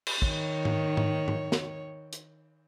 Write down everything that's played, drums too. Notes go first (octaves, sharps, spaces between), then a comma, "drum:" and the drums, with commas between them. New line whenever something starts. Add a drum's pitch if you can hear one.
drum: cymbal
D#3 C#5, drum: kick
drum: tom G#2
drum: tom G#2
drum: tom G#2
drum: snare
drum: hi-hat